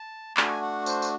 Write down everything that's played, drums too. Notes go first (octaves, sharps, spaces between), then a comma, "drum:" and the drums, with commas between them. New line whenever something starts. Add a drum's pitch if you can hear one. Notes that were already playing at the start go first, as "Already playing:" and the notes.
Already playing: A5
A3 D4 F#4 G#5, drum: clap
F#5
C5, drum: tambourine
drum: tambourine